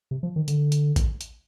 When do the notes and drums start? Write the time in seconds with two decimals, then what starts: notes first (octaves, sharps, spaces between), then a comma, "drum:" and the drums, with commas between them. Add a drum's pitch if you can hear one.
0.11 C3
0.23 F3
0.36 D#3
0.48 D3, drum: hi-hat
0.72 drum: hi-hat
0.96 drum: kick A1, hi-hat
1.21 drum: hi-hat